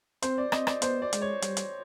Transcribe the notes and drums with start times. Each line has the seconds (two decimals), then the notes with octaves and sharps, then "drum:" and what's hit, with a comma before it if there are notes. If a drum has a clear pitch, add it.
0.22 C4 C5, drum: hi-hat
0.38 D5
0.52 C4 D#5, drum: rim click
0.67 D5, drum: rim click
0.82 B3 C5, drum: hi-hat
1.02 D5
1.13 G#3, drum: hi-hat
1.22 C#5
1.42 G3, drum: hi-hat
1.57 drum: hi-hat